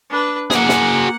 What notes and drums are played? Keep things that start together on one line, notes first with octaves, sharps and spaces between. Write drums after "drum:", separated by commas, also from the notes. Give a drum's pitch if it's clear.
D4 B4
A#3 F#4 G#4 F#5, drum: snare
drum: snare